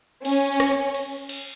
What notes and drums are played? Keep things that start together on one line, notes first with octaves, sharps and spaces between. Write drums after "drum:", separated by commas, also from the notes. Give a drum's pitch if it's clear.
C#4, drum: cymbal
drum: rim click
drum: cymbal
drum: cymbal